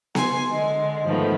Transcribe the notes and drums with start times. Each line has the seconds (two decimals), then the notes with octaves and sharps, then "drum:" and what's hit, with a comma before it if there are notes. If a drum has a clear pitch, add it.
0.15 G#5 C6, drum: snare B3
0.49 D3 G#3
1.04 G#2 D#3 F3 A3 B3